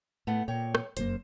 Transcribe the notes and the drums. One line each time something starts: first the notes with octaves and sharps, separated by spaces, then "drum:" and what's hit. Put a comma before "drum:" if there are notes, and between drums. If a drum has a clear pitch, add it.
A2 A3 B3 F#5
A#2 C#5 G5
drum: rim click
F1 F#2 A#3 C5, drum: hi-hat